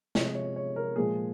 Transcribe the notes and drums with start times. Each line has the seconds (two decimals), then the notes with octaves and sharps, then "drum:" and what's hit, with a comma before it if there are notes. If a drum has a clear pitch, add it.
0.15 C3 F3 G#3 D#5, drum: snare
0.35 C#5
0.56 C#5
0.76 A#4
0.96 A#2 F3 G#3 G#4